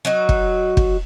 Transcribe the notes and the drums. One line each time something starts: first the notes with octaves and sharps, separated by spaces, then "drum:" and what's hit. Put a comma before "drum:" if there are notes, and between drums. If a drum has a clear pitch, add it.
F#3 D#4 F#4
drum: kick
drum: kick